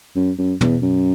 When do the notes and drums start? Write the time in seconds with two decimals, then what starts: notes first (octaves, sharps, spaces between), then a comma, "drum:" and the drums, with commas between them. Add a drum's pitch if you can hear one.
0.16 F#2
0.38 F#2
0.61 E2, drum: tom
0.82 F#2